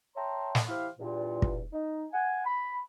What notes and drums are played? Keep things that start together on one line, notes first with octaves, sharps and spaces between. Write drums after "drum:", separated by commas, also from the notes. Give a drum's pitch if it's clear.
C#5 E5 G5 A5 A#5 C6
drum: snare
E4 G4 C5 F5
E2 G2 A#2
drum: kick
D#4
F#5 G#5
B5